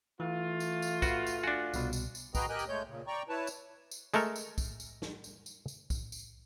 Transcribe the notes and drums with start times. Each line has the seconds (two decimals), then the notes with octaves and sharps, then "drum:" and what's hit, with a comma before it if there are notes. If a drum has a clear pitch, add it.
0.20 E3 A3 F4
0.60 drum: tambourine
0.82 drum: tambourine
1.02 F#4 B4 F5, drum: kick, tambourine
1.27 drum: tambourine
1.43 D4 F#4 G#5
1.74 C2 B2, drum: tambourine
1.93 drum: tambourine
2.15 drum: tambourine
2.35 F#4 G#4 B4 D#5 G5 A#5, drum: kick, tambourine
2.49 G4 A#4 D#5 G5 G#5 F#6
2.59 drum: tambourine
2.68 G#3 A3 C#5 G6
2.88 A#2 C#3
3.07 D5 G5 A#5 C#6
3.29 E4 B4 C#5 A5
3.47 drum: tambourine
3.91 drum: tambourine
4.14 G#3 A3 A4 A#4, drum: tambourine
4.36 drum: tambourine
4.58 drum: kick, tambourine
4.80 drum: tambourine
5.02 drum: snare
5.24 drum: tambourine
5.46 drum: tambourine
5.68 drum: tambourine
5.90 drum: kick, tambourine
6.12 drum: tambourine